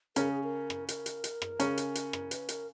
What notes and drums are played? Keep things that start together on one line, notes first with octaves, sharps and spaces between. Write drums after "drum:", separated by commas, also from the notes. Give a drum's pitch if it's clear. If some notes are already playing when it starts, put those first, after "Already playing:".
C#3 C#4 A#4, drum: hi-hat
G#4
A#4
drum: rim click
A#4, drum: hi-hat
drum: hi-hat
drum: hi-hat
drum: rim click
C#3 C#4, drum: hi-hat
drum: hi-hat
drum: hi-hat
drum: rim click
B4, drum: hi-hat
A#4, drum: hi-hat